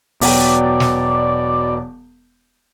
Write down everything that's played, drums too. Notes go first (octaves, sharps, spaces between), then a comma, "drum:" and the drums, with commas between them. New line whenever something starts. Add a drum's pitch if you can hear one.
E1 B2 F#3 D5 G5, drum: open hi-hat
drum: snare